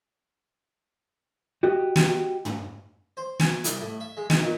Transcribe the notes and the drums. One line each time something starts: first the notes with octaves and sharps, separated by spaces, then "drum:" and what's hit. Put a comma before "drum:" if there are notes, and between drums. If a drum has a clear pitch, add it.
F#4 G4 D#5
drum: snare
drum: tom
C5
G#5, drum: snare
C2, drum: hi-hat
A2
E5
G#3
D#4, drum: snare
A#2